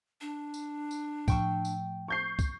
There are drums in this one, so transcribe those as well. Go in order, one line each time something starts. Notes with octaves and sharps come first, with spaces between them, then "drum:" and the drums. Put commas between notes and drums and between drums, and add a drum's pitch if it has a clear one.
D4
drum: tambourine
drum: tambourine
A2 F3 G5 C#6 E6, drum: kick, tambourine
drum: tambourine
C#6 G6 C7
drum: kick, tambourine